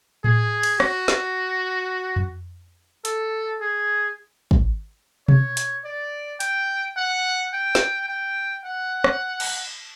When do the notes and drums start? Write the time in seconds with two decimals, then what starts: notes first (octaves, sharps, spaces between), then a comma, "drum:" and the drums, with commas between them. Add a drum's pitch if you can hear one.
0.24 G#4, drum: tom A2
0.63 drum: cymbal
0.80 F#4, drum: rim click
1.08 drum: snare
2.16 drum: tom F2
3.05 A4, drum: hi-hat
3.61 G#4
4.51 drum: kick
5.28 C#5, drum: tom B2
5.57 drum: hi-hat
5.85 D5
6.40 G5, drum: hi-hat
6.97 F#5
7.53 G5
7.75 drum: snare
8.09 G5
8.65 F#5
9.04 drum: rim click
9.40 drum: cymbal